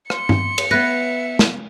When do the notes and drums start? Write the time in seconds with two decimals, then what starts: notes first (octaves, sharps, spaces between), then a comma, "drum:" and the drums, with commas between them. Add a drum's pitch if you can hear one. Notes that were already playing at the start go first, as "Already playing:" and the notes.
0.10 C6 C#7, drum: rim click
0.29 drum: tom G2
0.58 drum: cymbal
0.71 B3 B4 E5 F#6 A#6
1.39 drum: snare